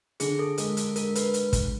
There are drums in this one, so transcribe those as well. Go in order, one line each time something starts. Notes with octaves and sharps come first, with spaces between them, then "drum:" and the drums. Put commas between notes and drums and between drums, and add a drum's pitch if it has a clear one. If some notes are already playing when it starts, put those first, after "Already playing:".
D3 G#4, drum: hi-hat
A4
G#3 A#4, drum: hi-hat
A4, drum: hi-hat
G#3 A#4, drum: hi-hat
B4, drum: hi-hat
drum: hi-hat
drum: kick, hi-hat